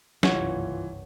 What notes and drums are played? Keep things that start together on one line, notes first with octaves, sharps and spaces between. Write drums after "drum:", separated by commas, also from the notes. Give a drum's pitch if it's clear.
F#1 C2 G2 E3 F4 C#5 F#5 C#6, drum: snare